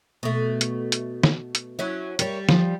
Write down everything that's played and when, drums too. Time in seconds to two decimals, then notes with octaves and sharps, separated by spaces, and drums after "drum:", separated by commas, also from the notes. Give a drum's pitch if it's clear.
0.23 B2 A3
0.61 drum: hi-hat
0.92 drum: hi-hat
1.23 drum: snare
1.55 drum: hi-hat
1.79 F#3 C#4 E4
2.19 G3 A#4 C#5, drum: hi-hat
2.49 F3, drum: snare